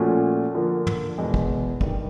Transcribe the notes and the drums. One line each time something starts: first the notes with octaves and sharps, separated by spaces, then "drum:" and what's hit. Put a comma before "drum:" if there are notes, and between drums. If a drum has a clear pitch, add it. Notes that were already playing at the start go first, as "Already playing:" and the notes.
Already playing: A#2 F3 A3 C#4 F#4
D3 F3 A#3
drum: tom
E2 B2 G#3
drum: kick
G2 D#3 G3, drum: kick